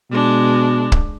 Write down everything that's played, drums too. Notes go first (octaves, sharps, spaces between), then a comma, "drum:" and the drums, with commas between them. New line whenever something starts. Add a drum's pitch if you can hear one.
B2 G#3 D4
drum: kick